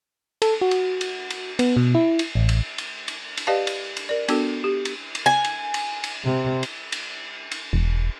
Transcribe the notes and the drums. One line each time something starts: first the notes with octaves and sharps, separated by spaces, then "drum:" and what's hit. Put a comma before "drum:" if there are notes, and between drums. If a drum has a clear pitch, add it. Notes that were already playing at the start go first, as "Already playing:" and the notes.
A4, drum: cymbal
F#4
drum: cymbal
drum: cymbal
drum: cymbal
B3, drum: cymbal
B2
E4
drum: cymbal
A1
drum: cymbal
drum: cymbal
drum: cymbal
drum: cymbal
G4 B4 D5 D#5 F5 A5
drum: cymbal
drum: cymbal
A#4 D5
B3 D4 F#4 A4, drum: cymbal
G4
drum: cymbal
drum: cymbal
G#5
drum: cymbal
drum: cymbal
drum: cymbal
C3
drum: cymbal
drum: cymbal
drum: cymbal
E1